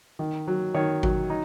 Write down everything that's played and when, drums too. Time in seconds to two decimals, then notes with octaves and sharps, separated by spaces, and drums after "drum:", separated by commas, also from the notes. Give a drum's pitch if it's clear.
0.19 D#3
0.48 F#3
0.74 D#3 C#5
1.03 F#3, drum: kick G#1
1.30 D#4